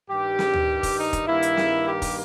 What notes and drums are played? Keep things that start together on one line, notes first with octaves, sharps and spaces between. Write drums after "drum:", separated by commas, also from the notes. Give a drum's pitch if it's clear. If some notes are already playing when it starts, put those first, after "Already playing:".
G2 D#3 G3 G4
drum: snare
drum: tom D2
drum: kick, open hi-hat
D#4
drum: kick, hi-hat
G2 D#3 A#3 E4
drum: hi-hat
drum: snare
G4
drum: kick, open hi-hat